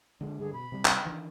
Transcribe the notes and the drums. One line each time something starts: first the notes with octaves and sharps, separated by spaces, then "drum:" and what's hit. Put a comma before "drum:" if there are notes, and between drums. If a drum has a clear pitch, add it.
D3 G#3 D4
G2 D3 G#4
B2 B5
C3 G3
drum: clap
D#3 E3 D4